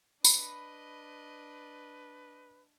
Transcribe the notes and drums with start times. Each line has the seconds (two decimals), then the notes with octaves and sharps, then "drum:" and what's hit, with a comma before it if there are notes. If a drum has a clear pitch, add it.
0.24 D4 B4 D#5 B5, drum: tambourine